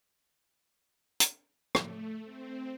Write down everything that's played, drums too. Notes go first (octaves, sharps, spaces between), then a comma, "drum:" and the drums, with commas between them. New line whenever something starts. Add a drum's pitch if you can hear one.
drum: hi-hat
A3, drum: rim click
C4